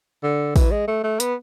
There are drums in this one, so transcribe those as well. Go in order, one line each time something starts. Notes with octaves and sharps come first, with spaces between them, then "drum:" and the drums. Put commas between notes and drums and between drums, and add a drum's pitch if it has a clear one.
D3
E3, drum: kick, open hi-hat
G#3
A3
A3
B3, drum: hi-hat